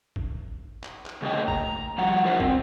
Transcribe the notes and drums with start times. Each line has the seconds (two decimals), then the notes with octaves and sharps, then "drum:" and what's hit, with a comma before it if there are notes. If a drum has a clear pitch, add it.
0.16 drum: kick
0.83 drum: clap
1.06 drum: clap
1.22 C#3 A3 A#3 A#4 D#5 G5
1.48 A#5, drum: kick
1.98 F3 G3 F#5
2.24 F4 A#4 C5 E5 F#5
2.40 C4, drum: kick